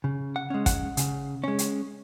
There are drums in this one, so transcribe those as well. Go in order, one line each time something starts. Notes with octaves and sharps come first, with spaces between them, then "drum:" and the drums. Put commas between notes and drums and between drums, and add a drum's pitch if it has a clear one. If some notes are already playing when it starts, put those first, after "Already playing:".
C#3
F#5
G#3 C#4
F#5, drum: kick, hi-hat
C#3, drum: hi-hat
G#3 C#4
drum: hi-hat